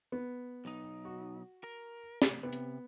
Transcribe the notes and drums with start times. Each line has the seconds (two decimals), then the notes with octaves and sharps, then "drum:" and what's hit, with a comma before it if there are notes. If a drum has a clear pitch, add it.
0.12 B3
0.65 B1 D#4
1.05 F#4
1.64 A#4
2.22 drum: snare
2.43 C3 B3
2.53 drum: hi-hat